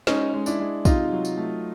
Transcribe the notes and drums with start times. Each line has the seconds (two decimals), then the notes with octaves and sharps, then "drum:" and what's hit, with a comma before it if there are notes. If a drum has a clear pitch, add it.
0.07 G#3 C#4 D#4, drum: snare
0.34 G#3
0.46 D4 E4, drum: tambourine
0.60 G#3
0.85 C3 D#4 F4, drum: kick, tambourine
1.12 F#3
1.25 drum: tambourine
1.37 A3